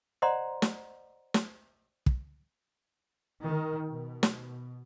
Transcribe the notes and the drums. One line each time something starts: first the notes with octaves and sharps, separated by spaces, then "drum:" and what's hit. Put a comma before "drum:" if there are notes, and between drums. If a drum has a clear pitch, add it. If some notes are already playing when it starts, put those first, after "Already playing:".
C5 D5 D#5 F#5 A#5 C6
drum: snare
drum: snare
drum: kick
D#3
B2
drum: snare